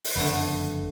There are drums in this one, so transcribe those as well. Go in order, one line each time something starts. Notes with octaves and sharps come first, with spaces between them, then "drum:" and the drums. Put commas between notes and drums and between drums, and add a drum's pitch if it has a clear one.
drum: open hi-hat
F#1 F2 D3 A3 B3